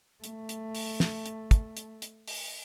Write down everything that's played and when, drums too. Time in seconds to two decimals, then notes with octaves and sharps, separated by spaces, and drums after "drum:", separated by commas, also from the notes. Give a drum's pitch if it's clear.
0.24 A3, drum: hi-hat
0.49 drum: hi-hat
0.75 drum: open hi-hat
1.00 drum: snare
1.26 drum: hi-hat
1.51 drum: kick, hi-hat
1.77 drum: hi-hat
2.02 drum: hi-hat
2.28 drum: open hi-hat